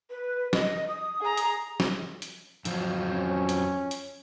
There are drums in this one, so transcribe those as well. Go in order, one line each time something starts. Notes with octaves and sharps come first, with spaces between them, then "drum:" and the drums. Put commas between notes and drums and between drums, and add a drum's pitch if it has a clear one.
B4
D#5, drum: snare
D#6
G#4 A#5
drum: hi-hat
drum: snare
drum: hi-hat
F2 F3 F#3, drum: hi-hat
C#4
drum: hi-hat
drum: hi-hat